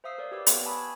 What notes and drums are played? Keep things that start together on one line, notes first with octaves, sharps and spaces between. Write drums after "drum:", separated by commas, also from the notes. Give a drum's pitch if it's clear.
C5 E5 F5 D#6 E6 C7
A#4 C#5 D5 F5
G4 B4 C#5 D5 D6 E6
B3 B4 F5 G5, drum: hi-hat
G#5 A5 B5 C#6 D#6 E6
G#6